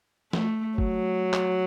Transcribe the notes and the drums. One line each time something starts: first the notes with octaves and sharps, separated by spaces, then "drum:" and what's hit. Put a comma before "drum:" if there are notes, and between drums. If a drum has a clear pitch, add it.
A3, drum: snare
F#3, drum: kick F#1
drum: clap